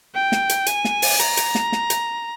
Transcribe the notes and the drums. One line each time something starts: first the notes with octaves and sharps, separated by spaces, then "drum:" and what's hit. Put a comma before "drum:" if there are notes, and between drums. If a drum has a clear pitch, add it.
G5
drum: snare
drum: hi-hat
G#5, drum: hi-hat
drum: snare
drum: open hi-hat
A#5, drum: hi-hat
drum: hi-hat
drum: snare
drum: snare
drum: hi-hat